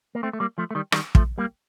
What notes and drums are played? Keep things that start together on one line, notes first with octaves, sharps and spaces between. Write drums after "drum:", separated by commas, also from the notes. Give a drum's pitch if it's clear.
A#3
A3 C4
A3
G3 A#3
F3 A3
A3
D#3 G3
D#3 G3, drum: rim click
F3 A3, drum: kick
G3 A#3